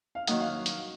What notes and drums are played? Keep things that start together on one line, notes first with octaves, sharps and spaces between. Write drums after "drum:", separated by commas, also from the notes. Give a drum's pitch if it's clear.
F5
D#3 F#3 A#3 D#4 F#5, drum: hi-hat
F5
drum: hi-hat